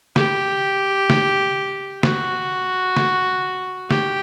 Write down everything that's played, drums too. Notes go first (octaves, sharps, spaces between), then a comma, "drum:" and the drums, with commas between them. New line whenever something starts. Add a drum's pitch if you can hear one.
G4, drum: snare
drum: snare
F#4, drum: snare
drum: snare
G4, drum: snare